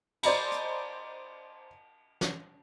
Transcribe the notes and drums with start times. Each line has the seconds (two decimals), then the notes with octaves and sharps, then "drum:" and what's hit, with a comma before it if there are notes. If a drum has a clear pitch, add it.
0.23 C5 D5 D#5 A#5 B5, drum: cymbal
0.52 drum: hi-hat
2.21 drum: snare